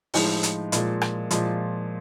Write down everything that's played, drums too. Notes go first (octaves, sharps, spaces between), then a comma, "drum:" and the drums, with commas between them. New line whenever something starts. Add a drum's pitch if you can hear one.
A2 F3 G#3 D#4, drum: open hi-hat
drum: hi-hat
A#2 F3 G#3, drum: hi-hat
drum: rim click
A#2 F3 G#3, drum: hi-hat